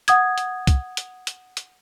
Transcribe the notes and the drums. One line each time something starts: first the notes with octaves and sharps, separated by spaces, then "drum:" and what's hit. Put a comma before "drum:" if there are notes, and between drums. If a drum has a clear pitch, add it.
F#5 D#6 G#6, drum: hi-hat
drum: hi-hat
drum: kick C2, hi-hat
drum: hi-hat
drum: hi-hat
drum: hi-hat